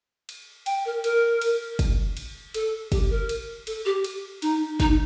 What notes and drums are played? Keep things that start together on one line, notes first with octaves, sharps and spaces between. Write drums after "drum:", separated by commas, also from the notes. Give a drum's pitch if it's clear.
drum: cymbal
G5, drum: cymbal
A#4
A#4, drum: cymbal
drum: cymbal
drum: kick, cymbal
drum: cymbal
A4, drum: cymbal
G4, drum: kick, cymbal
A#4
drum: cymbal
A4, drum: cymbal
G4
drum: cymbal
D#4, drum: cymbal
D#4, drum: kick, cymbal